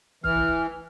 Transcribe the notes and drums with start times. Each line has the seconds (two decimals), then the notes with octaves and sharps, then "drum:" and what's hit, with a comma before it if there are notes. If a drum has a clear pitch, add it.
0.24 E3 F6, drum: kick
0.37 drum: kick